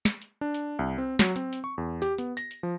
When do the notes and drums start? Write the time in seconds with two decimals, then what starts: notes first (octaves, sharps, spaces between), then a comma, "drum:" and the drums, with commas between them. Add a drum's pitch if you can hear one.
0.05 drum: snare
0.22 drum: hi-hat
0.41 D4
0.54 drum: hi-hat
0.79 C2
0.98 C4
1.19 F#3, drum: snare
1.36 C4, drum: hi-hat
1.53 drum: hi-hat
1.64 C#6
1.78 E2
2.02 G4, drum: hi-hat
2.18 B3, drum: hi-hat
2.37 A#6, drum: hi-hat
2.51 drum: hi-hat
2.63 F3